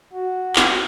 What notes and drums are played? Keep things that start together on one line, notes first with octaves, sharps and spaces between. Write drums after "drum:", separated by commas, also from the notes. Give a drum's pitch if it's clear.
F#4
drum: clap